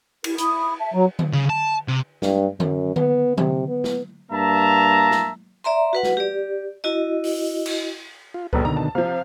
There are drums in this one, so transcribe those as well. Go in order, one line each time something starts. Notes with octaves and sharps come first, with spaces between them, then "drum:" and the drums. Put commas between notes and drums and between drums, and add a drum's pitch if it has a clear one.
E4 G4 A#4, drum: cymbal
E4 B5 D#6, drum: hi-hat
E5 A5
F#3 A#5
drum: tom D3
C#3
A5
C3
G2, drum: snare
F#2, drum: tom D3
B3, drum: tom D3
C3, drum: tom D3
B3
drum: snare
G2 A#3 E5 A5 A#5
drum: snare
D5 E5 A#5 C6
F#4 B4 F#5
drum: snare
G4 D5
E4 F#4 D#5
drum: open hi-hat
drum: cymbal
F4
A#1 F#2 A4 B4, drum: kick C#2
B2 D3 D#3 A#5
A5
C3 F3 F5